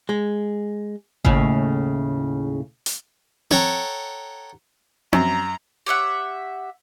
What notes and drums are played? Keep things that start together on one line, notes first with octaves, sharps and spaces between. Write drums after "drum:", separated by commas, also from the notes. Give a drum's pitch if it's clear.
G#3
D#2 A2 C#3, drum: kick G#1
drum: hi-hat
A4 C#5 F#5 G5 A#5, drum: tom C4
F#2 A#5, drum: tom C4
G4 C#5 E5 F#5